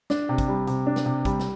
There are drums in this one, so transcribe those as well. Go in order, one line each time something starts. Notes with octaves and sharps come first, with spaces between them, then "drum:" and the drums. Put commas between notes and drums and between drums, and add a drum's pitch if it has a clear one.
D4, drum: snare
C3
drum: kick, hi-hat
G3
C3, drum: hi-hat
D4
drum: snare
C3
G3, drum: kick, hi-hat
drum: snare